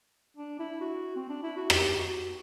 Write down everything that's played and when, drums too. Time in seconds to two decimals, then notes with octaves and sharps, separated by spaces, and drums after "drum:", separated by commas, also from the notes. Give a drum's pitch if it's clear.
0.37 D4
0.59 E4
0.81 F#4
1.16 C4
1.29 D4
1.43 E4
1.57 F#4
1.70 G4, drum: rim click
1.94 G4
1.99 F#4